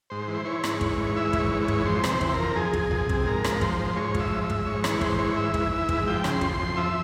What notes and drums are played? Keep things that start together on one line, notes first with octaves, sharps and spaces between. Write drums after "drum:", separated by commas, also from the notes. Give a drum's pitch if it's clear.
G#2 C5
E3
E3 C#5
G#2, drum: rim click
E3, drum: kick
G#2
E3 E5
G#2, drum: kick
C#5
E3
C#5
G#2, drum: kick
F2 C5
C3, drum: rim click
C5
E3, drum: kick
A#4
F2
F2 G#4
F2, drum: kick
F2, drum: tom B1
C3, drum: kick
G#2 A#4
F3, drum: rim click
F3 C5, drum: kick
G#2
G#2 C#5
F3, drum: kick
E5
G#2
E5
G#2, drum: kick
G#2 C#5
E3 C#5, drum: rim click
G#2 C5, drum: kick
E3 C#5
G#2 E5
E3, drum: kick
E3
G#2, drum: kick
F3 G5
C#3, drum: rim click
C6
F2, drum: kick
C6
F2
F3 E5